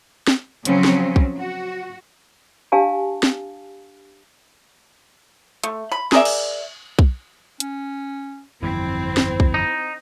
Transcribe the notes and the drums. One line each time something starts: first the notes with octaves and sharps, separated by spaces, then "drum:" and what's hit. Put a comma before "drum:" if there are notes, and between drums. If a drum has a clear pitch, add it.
drum: snare
C#3 F3 F#3 C4 C#4, drum: hi-hat
drum: snare
drum: kick B1
F#4
D4 G4 F5 G#5 A5
drum: snare
A3, drum: hi-hat
B5
G#4 A#4 D5 E5, drum: snare
drum: cymbal
drum: kick B1
C#4, drum: hi-hat
G1 F2 E3 C4 E4
drum: snare
drum: kick B1
D#4